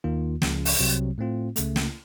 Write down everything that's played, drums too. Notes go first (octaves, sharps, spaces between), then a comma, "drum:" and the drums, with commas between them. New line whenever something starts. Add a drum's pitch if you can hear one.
D#2 D#3 A#3 F4
C#2 C#3 F3, drum: snare
drum: open hi-hat
C2 C3 F#3 C4
A2 A3 C4 F4
C#2 C#3 A3, drum: hi-hat
drum: snare